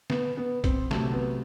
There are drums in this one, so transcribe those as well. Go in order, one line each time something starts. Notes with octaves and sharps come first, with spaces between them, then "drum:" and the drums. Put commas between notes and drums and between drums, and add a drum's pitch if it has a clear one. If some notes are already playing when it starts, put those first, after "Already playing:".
B3, drum: snare
B3
C4, drum: kick, hi-hat
C3 F#3 A3, drum: snare
B3